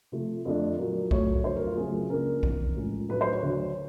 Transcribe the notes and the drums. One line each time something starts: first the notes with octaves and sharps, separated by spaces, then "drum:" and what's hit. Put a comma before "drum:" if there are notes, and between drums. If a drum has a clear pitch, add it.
C3 F3 A3
F2 D3 F3 A3 D4
A#2 F#3 A#3
A2 F#3 A3 C#5, drum: kick B1
F2 D3 F#3 A3 C5
A#4
F4
F#2 C#3 F#3 A3 G#4
C#2 C#3 F3 A#3 D4 A#4
E2 C3 D#3, drum: kick B1
A2 F3 G#3 C#4
A2 F#3 A3 D4 B4
C5
C#5
D2 D3 F#3